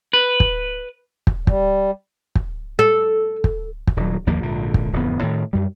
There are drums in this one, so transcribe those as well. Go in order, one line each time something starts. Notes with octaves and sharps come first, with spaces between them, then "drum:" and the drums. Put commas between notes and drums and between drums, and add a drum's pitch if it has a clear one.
B4
drum: kick
drum: kick
G3, drum: kick
drum: kick
A4
drum: kick
drum: kick
D#1 F#3
G1 D#2 F3 A#3
A#1 G#2 D3
drum: kick
D1 F2 B3
A2 D#3
F#2 G3